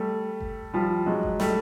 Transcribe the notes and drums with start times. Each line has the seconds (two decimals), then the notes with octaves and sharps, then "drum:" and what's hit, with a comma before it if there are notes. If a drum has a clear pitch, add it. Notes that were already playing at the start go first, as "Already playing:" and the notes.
Already playing: G3 A3
0.41 drum: kick F#1
0.74 F3 G3
1.06 F#3 G#3
1.23 drum: kick F#1
1.40 G3 A3, drum: snare